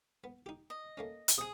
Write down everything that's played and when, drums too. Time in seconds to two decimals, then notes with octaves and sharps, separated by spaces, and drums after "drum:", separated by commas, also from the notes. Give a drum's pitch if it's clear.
0.24 B3
0.46 D#4 G4
0.70 D#5
0.97 A3 A#3 C#4
1.28 drum: hi-hat
1.38 C3 G#4 D#6